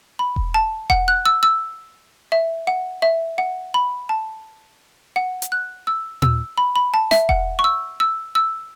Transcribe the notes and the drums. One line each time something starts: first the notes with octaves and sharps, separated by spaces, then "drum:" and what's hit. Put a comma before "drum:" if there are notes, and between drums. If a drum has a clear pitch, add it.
B5
drum: kick E1
A5
F#5, drum: kick E1
F#6
E6
E6
E5
F#5
E5
F#5
B5
A5
F#5
drum: hi-hat
F#6
E6
E6, drum: tom A#2
B5
B5
A5
E5, drum: snare
F#5, drum: kick E1
C#6
E6
E6
E6